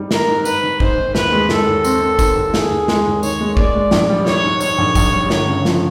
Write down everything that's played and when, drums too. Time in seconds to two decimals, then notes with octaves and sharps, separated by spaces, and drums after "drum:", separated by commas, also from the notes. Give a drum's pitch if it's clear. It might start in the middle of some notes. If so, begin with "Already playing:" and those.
Already playing: G#2 G3
0.11 D#3 A#4, drum: snare
0.28 G#2
0.45 G#2 B4, drum: tambourine
0.63 D#3
0.80 G#2 C5, drum: kick
0.98 D#3
1.15 D#2 B4, drum: snare
1.32 G#3
1.49 D#2 A4, drum: snare
1.67 D#2
1.84 C4, drum: tambourine
2.01 C4
2.19 D#3, drum: kick, tambourine
2.36 D#2
2.54 D#2 G#4, drum: snare
2.70 D#2
2.88 G#3, drum: snare
3.06 D#2
3.23 D#3 C#5, drum: tambourine
3.41 G#3
3.57 G#3 D5, drum: kick
3.75 G#3
3.91 A#1, drum: snare
4.09 G3
4.26 D#3 C#5, drum: snare
4.44 G#2
4.60 G#2 C#5, drum: tambourine
4.78 A#1
4.95 A#1, drum: kick, tambourine
5.13 G3
5.30 G1 C#5, drum: snare
5.47 C#3
5.65 F3, drum: snare